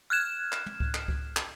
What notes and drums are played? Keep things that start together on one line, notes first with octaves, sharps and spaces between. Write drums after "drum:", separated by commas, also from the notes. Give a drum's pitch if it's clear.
F6 F#6 G#6 E7
drum: clap
drum: tom
drum: kick C#2
drum: clap
drum: kick C#2
drum: clap